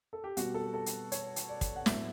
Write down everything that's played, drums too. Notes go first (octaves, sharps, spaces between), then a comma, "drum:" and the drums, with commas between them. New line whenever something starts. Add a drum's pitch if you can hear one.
A4
G4
B2 G3 B3 F#4, drum: hi-hat
A4
A4
drum: hi-hat
C#5, drum: hi-hat
drum: hi-hat
D5
drum: kick, hi-hat
F#5
A2 F#3 B3 E5, drum: snare